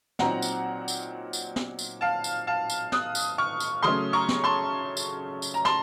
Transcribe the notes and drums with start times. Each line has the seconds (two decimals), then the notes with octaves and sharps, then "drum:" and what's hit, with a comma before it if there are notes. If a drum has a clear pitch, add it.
0.19 A#2 F#3 C4 D#4 F#5 A#5, drum: snare
0.42 drum: tambourine
0.88 drum: tambourine
1.33 drum: tambourine
1.56 drum: snare
1.79 drum: tambourine
2.01 F5 A5
2.24 drum: tambourine
2.47 F5 A5
2.70 drum: tambourine
2.92 D#6 F#6, drum: snare
3.15 drum: tambourine
3.38 C#6 F6
3.60 drum: tambourine
3.83 C#3 F#3 A3 C#4 C6 D#6
4.13 A#5 C#6
4.29 drum: snare
4.44 A5 C6
4.97 drum: tambourine
5.42 drum: tambourine
5.54 A#5
5.65 A5 C6, drum: snare